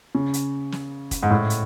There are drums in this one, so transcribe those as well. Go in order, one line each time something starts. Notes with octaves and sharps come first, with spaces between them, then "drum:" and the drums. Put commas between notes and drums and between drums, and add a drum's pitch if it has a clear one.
C#3
drum: hi-hat
drum: snare
drum: kick, hi-hat
G#2
A2
drum: hi-hat